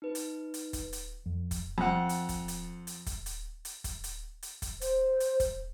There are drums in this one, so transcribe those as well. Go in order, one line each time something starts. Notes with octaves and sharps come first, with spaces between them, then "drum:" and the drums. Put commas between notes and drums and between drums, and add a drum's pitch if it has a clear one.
D#4 B4
drum: hi-hat
drum: hi-hat
drum: kick, hi-hat
drum: hi-hat
F2
drum: kick, hi-hat
F2 F#5
drum: hi-hat
drum: kick, hi-hat
drum: hi-hat
drum: hi-hat
drum: kick, hi-hat
drum: hi-hat
drum: hi-hat
drum: kick, hi-hat
drum: hi-hat
drum: hi-hat
drum: kick, hi-hat
C5, drum: hi-hat
drum: hi-hat
drum: kick, hi-hat